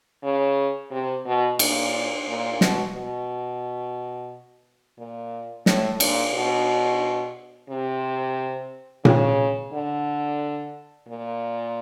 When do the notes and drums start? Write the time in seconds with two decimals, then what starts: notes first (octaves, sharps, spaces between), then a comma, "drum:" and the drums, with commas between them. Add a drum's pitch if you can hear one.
0.24 C#3
0.91 C3
1.25 B2
1.59 A#2, drum: cymbal
2.27 A#2
2.61 B2, drum: snare
2.94 B2
4.99 A#2
5.66 A2, drum: snare
6.00 A#2, drum: cymbal
6.34 B2
7.69 C3
9.05 C#3, drum: tom A#2
9.73 D3
11.08 A#2